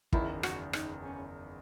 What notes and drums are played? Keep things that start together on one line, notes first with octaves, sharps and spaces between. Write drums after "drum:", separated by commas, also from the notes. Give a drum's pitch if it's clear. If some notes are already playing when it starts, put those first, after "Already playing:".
F#1 E2 D#3 E4, drum: kick
F#4, drum: rim click
D#4, drum: rim click
C#4